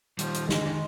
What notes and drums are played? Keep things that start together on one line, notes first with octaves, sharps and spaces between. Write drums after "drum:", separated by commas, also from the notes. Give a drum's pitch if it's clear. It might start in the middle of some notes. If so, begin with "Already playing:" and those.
D#3 F3 G3, drum: hi-hat
drum: hi-hat
G#3, drum: snare
D3
D#3